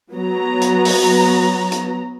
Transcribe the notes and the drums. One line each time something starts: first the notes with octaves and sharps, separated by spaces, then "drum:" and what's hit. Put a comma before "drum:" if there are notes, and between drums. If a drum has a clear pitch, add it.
F#3 B3 A#5
drum: hi-hat
drum: open hi-hat
drum: hi-hat